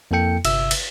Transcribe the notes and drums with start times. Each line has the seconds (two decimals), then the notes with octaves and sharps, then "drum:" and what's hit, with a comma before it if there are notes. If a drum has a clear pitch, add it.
0.11 F2 A#3 E4 A4 G5 C#7
0.45 G1 C3 E5 E6, drum: cymbal
0.71 drum: cymbal